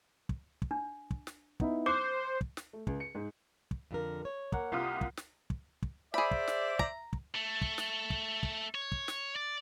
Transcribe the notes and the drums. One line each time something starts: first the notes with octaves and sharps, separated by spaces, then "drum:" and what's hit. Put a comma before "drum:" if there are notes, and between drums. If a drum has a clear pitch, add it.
drum: kick
drum: kick
D4
drum: kick
drum: snare
B3 D#4 E4, drum: kick
C5 D6 F#6 C#7
drum: kick
drum: snare
A3
C#2, drum: kick
C#7
G#2
drum: kick
F2 D3 A#4
C#5
A#3 F5 F#5, drum: kick
C2 F4 G4 D#6
drum: kick
drum: snare
drum: kick
drum: kick
G#4 C5 D5 E5 B5
drum: kick
drum: snare
A#5, drum: kick
drum: kick
A3
drum: kick
drum: snare
drum: kick
drum: kick
C#5
drum: kick
drum: snare
D5